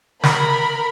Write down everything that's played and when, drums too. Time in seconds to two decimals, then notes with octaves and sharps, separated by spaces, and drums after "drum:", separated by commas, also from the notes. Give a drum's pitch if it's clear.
0.23 A#4 B5, drum: snare